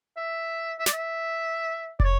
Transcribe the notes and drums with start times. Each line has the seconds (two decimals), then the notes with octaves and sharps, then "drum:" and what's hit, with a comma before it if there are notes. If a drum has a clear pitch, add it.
0.17 E5
0.79 E5
0.86 D5, drum: snare
0.93 E5
2.00 D5, drum: kick
2.04 C#5